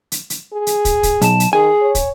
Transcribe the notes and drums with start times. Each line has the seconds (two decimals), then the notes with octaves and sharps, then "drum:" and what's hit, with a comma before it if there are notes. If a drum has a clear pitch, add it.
0.12 drum: hi-hat
0.30 drum: hi-hat
0.53 G#4
0.67 drum: hi-hat
0.85 drum: kick, hi-hat
1.03 drum: kick, hi-hat
1.21 B1 A5, drum: hi-hat
1.40 drum: hi-hat
1.53 D#3 G#4 G#5
1.82 C#5
1.95 drum: kick, hi-hat